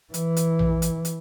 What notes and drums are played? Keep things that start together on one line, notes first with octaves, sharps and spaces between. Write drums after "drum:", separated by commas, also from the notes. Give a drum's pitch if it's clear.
E3, drum: hi-hat
drum: hi-hat
drum: tom A#1
drum: hi-hat
drum: hi-hat